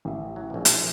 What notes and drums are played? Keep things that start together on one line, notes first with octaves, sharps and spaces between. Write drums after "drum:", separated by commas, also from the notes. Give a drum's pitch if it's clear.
A1 E5
F#3
A#1 B2
drum: hi-hat